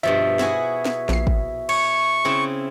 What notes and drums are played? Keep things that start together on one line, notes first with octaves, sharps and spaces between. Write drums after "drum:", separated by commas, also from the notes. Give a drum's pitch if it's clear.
G2 B2 F3 E5
E4 F#4 G#4, drum: snare
drum: snare
A#1 C7, drum: snare
drum: kick
C#5 C#6, drum: cymbal
C#3 C4 E4